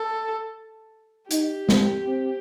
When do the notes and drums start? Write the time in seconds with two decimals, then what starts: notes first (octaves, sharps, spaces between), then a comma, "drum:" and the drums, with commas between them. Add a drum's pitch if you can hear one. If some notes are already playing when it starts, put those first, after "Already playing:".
Already playing: A4
1.31 D#4 G4, drum: hi-hat
1.69 C4, drum: snare
2.07 C4